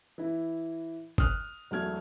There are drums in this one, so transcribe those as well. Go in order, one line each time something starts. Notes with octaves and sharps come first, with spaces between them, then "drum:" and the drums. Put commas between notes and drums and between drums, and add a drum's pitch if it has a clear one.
E3 E4
D#6 F6 F#6, drum: kick G1
E1 F#3 A3 F6 G#6